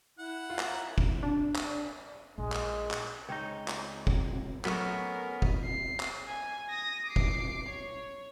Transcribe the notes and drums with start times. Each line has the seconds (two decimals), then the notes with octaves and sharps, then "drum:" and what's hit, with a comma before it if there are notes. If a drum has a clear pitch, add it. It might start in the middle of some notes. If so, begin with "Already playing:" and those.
0.19 E4 F#5
0.50 F4 F5
0.59 drum: clap
0.70 A#5
0.98 drum: kick
1.23 D4
1.56 drum: clap
2.38 A#1 G#3
2.52 drum: clap
2.91 drum: clap
3.29 C#2 C4 D#4 C#5
3.68 drum: clap
4.07 drum: kick
4.65 F#3 A3 B3 C#4 F#4 A#4, drum: clap
5.42 drum: kick
5.65 C7
6.00 drum: clap
6.27 G#5
6.70 D#6 A#6
7.07 D6 C7
7.16 drum: kick
7.69 C#5